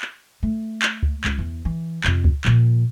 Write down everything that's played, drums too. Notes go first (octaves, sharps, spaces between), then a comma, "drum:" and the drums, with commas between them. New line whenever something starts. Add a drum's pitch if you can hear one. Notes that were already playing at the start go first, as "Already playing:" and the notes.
drum: clap
A3
drum: clap
drum: kick C#2
C#2, drum: clap
E2
E3
F2 C3, drum: clap
drum: kick C#2
A#2 F3, drum: clap